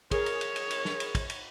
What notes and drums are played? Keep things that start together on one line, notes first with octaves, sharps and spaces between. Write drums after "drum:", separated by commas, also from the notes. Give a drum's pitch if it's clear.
G#4 A#4 C#5, drum: kick, cymbal
drum: cymbal
drum: cymbal
drum: cymbal
drum: cymbal
drum: snare
drum: cymbal
drum: kick, cymbal
drum: cymbal